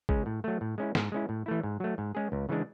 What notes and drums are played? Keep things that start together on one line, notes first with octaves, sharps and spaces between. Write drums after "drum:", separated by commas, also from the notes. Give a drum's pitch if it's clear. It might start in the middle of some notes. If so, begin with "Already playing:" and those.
C#3 G#3 C#4, drum: kick
A2
F#3 A3
A2
G#3 C#4 E4
G#2, drum: snare
G#3 C#4 E4
A2
E3 A3 E4
G#2
F#3 A3
G#2
G#3 C#4 G#4
C#2
C#3 E3 G#3 D4